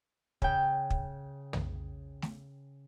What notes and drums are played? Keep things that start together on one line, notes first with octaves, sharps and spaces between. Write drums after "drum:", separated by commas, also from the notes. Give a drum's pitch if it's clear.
C#3 G5, drum: kick
drum: kick
drum: tom
drum: snare A3